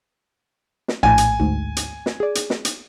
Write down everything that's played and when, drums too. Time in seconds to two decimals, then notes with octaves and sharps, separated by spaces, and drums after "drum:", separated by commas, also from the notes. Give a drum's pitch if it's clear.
0.88 drum: snare
1.03 A#1 A2 G#5
1.18 drum: hi-hat
1.40 A1 D2 G#2
1.77 drum: hi-hat
2.06 drum: snare
2.20 G#4 D5
2.35 drum: hi-hat
2.50 drum: snare
2.65 drum: hi-hat